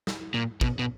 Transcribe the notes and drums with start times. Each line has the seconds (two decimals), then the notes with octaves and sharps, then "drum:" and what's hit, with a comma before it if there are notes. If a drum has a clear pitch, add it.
0.07 drum: snare
0.34 A#2
0.61 B2, drum: kick
0.79 B2